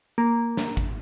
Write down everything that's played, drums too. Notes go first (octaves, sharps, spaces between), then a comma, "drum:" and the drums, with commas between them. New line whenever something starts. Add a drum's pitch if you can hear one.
A#3
drum: snare
drum: kick G#1